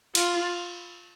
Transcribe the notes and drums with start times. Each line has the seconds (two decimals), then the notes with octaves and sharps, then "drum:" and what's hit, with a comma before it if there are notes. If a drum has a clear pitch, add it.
0.15 F4, drum: cymbal